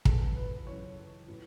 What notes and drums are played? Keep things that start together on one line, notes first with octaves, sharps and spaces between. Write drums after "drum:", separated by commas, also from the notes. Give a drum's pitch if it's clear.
F#1 E2 C#3 E3 A4, drum: kick
B4
B4
F#1 E2 C#3 E3 C#5
A2 E3